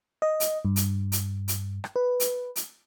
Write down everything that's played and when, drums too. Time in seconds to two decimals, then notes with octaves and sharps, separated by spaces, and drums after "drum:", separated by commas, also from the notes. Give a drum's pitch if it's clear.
0.22 D#5
0.40 drum: hi-hat
0.65 G2
0.76 drum: hi-hat
1.12 drum: hi-hat
1.48 drum: hi-hat
1.84 drum: rim click
1.96 B4
2.20 drum: hi-hat
2.56 drum: hi-hat